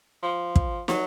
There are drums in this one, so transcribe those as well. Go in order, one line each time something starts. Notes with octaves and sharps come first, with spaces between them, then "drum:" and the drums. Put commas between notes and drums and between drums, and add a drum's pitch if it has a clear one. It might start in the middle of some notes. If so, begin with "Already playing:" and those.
F3
drum: kick
F#3, drum: snare